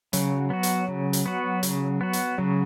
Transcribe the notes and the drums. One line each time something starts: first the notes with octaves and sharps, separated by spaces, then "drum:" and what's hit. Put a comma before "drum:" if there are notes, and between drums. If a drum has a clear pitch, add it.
C#3 F#3, drum: hi-hat
F#3 B3 F#4
drum: hi-hat
C#3
drum: hi-hat
B3 F#4
C#3, drum: hi-hat
B3 F#4
drum: hi-hat
C#3 F#3